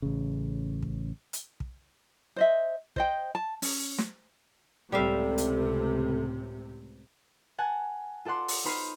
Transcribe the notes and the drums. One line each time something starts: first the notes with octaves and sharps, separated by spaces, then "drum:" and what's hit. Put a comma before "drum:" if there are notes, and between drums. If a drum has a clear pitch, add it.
A1 C#3
drum: kick
drum: hi-hat
drum: kick
C5 D#5 E5
C5 D#5 G5, drum: kick
A5
C#4, drum: open hi-hat
drum: snare
C#2 A2 C3 G3 A4 E5 F5
drum: hi-hat
F#5 G#5 A5
F4 A4 D5 F#5 C6
drum: open hi-hat
D#4 C5 B5 F6 C7 D#7